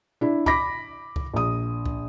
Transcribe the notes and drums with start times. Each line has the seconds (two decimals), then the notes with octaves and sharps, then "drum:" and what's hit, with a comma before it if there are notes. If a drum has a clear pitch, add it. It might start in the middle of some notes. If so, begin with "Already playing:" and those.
0.21 D4 E4
0.46 B5 D6 A#6 B6, drum: kick C#2
1.16 drum: kick C#2
1.34 A#1 D#6
1.86 drum: kick C#2